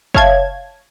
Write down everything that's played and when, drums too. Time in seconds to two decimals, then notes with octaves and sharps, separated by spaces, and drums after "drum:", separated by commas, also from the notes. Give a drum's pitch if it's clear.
0.14 C#5 E5 F5 A5 G#6, drum: kick F#1